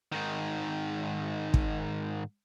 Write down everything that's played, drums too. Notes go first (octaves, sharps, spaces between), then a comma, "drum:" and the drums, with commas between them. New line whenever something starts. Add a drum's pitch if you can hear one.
G#2 D#3
drum: kick